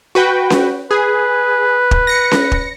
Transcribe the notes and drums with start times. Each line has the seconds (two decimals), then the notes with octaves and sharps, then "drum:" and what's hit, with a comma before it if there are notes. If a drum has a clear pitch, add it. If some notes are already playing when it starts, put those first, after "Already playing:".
0.15 F#4 B4 G5
0.50 drum: snare C#4
0.91 G#4 B4
1.91 drum: kick
2.07 A#6 C#7
2.31 drum: snare C#4
2.52 drum: kick